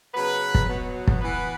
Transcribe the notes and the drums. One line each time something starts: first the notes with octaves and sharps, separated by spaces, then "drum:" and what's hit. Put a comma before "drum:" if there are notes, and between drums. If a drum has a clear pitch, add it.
C#3 F#3 B3 B4
drum: kick
B2 F#3 B3
drum: kick
E3 B3 B4